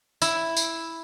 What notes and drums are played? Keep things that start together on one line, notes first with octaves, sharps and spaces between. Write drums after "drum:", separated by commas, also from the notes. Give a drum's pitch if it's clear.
E4, drum: tambourine
drum: tambourine